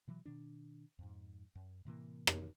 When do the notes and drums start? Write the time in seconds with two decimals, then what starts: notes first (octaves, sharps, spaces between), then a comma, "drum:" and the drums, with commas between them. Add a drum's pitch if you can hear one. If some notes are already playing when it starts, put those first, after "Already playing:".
0.08 B2 E3 F#3
0.25 B2 D#3 D4
0.99 F2 G#2
1.55 F#2
1.85 A2 C3 E3 A#3
2.27 drum: rim click